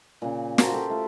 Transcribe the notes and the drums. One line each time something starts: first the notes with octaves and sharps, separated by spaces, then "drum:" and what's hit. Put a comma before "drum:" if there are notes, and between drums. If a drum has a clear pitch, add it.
A#2 C#3
F#4 A#4 C5 A5, drum: snare
G4 A4
A3 F4